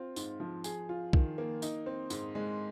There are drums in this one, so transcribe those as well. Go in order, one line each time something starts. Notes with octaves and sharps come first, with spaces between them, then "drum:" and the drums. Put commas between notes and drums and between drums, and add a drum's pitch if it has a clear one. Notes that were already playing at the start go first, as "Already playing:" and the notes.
Already playing: C4 F4
G#2, drum: tambourine
F3
G#4, drum: tambourine
F4
D#3, drum: kick B1
A#3
D#4, drum: tambourine
C4
G#2, drum: tambourine
G#3